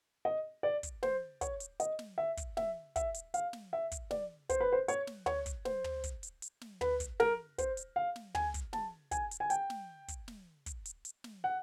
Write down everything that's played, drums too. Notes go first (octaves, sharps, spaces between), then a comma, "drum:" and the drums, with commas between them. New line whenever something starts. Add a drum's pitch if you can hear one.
D#5
D5
drum: kick, hi-hat
C5, drum: snare
C#5, drum: kick, hi-hat
drum: hi-hat
D#5, drum: hi-hat
drum: snare
E5
drum: kick, hi-hat
E5, drum: snare
E5, drum: kick, hi-hat
drum: hi-hat
F5, drum: hi-hat
drum: snare
E5
drum: kick, hi-hat
D5, drum: snare
C5, drum: kick, hi-hat
B4
C5
C#5, drum: hi-hat
drum: snare
C#5, drum: tom
drum: kick, hi-hat
C5, drum: snare
drum: tom
drum: kick, hi-hat
drum: hi-hat
drum: hi-hat
drum: snare
B4, drum: tom
drum: kick, hi-hat
A#4, drum: snare
C5, drum: kick, hi-hat
drum: hi-hat
F5
drum: snare
G#5, drum: tom
drum: kick, hi-hat
A5, drum: snare
G#5, drum: kick, hi-hat
drum: hi-hat
G#5
G5, drum: hi-hat
drum: snare
drum: kick, hi-hat
drum: snare
drum: kick, hi-hat
drum: hi-hat
drum: hi-hat
drum: snare
F#5